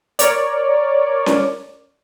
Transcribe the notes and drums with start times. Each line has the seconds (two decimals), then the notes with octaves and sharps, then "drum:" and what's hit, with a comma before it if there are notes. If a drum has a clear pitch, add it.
0.19 A#4 C#5 D5, drum: hi-hat
1.26 drum: snare C#4